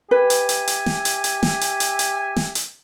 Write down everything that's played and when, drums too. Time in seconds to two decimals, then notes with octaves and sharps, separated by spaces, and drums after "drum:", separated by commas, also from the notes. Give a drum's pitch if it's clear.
0.11 G4 B4 E5 G#5
0.30 drum: hi-hat
0.49 drum: hi-hat
0.68 drum: hi-hat
0.86 drum: snare
1.05 drum: hi-hat
1.24 drum: hi-hat
1.43 drum: snare
1.61 drum: hi-hat
1.80 drum: hi-hat
1.99 drum: hi-hat
2.36 drum: snare
2.55 drum: hi-hat